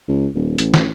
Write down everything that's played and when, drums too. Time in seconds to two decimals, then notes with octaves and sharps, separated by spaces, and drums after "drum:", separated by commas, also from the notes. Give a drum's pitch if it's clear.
0.08 C#2
0.35 D#1
0.58 A1, drum: hi-hat
0.74 drum: snare